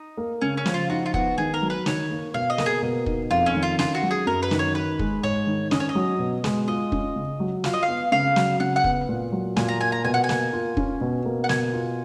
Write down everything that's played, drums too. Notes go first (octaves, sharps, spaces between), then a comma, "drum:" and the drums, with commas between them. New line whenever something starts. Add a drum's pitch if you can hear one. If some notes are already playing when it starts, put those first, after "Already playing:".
Already playing: D#4
A#3
C#3 C#4
C#4
F3, drum: snare
F4
D#4 F#4
F4
B3 F#4, drum: kick
D#3 G#4
A#4
F#3
B4
D#3 C#5, drum: snare
A#3
B2 F5
D#5
A#3, drum: snare
G#4
B2
D#4, drum: kick
F2 F4
C#4
D#3
F4
C#4 F4, drum: snare
F#4
F#3
G#4
F#2 A#4
B4
D#3, drum: snare
C#5
D#4 B4
G#3, drum: kick
G#2 C#5
D#3
C#4 D#5, drum: snare
C#5
D#5
F#3
B2
G#3, drum: snare
F4 D#5
C#4, drum: kick
C#3
F#3
F4 F5, drum: snare
D#5
F5
B3
C#3 F5
F#3, drum: snare
C#3 F#5
F#5
B3, drum: kick
A#2
F#3
A#2 G#5, drum: snare
A#5
A#3 G#5
A#5
B2 G#5
F#5
G#5
A#3, drum: snare
F4
C#4, drum: kick
B2
A#3
F#5
B2 G#5, drum: snare
F4